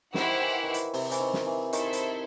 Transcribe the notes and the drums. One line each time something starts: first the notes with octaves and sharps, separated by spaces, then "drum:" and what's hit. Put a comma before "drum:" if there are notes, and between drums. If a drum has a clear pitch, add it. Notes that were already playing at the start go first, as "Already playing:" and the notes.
D#3 E4 G4 C5 F#5, drum: snare
E3
D#3 E3
drum: hi-hat
C3, drum: open hi-hat
E3, drum: hi-hat
D#3
drum: snare
E3
D#3 E4 A4 C5 E5, drum: hi-hat
drum: hi-hat